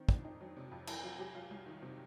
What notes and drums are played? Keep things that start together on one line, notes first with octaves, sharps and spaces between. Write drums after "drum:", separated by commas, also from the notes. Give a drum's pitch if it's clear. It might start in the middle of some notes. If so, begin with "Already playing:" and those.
Already playing: D#3 C4
F2 D4, drum: kick
F2 D#4
F#3
C3
F2
F#3 E4, drum: cymbal
F#3 F4
F#3 G4
F#3 F4
C2
D#3
C3